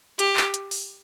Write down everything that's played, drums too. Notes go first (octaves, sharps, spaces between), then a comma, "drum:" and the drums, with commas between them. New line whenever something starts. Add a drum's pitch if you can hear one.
G4, drum: hi-hat
drum: clap
drum: hi-hat
drum: open hi-hat